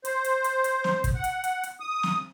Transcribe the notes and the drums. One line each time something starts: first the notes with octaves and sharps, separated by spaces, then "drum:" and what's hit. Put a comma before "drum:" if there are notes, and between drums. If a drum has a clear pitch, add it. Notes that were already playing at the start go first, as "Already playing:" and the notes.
C5, drum: hi-hat
drum: hi-hat
drum: hi-hat
drum: hi-hat
drum: snare
drum: kick, hi-hat
F#5
drum: hi-hat
drum: hi-hat
drum: hi-hat
D#6
drum: snare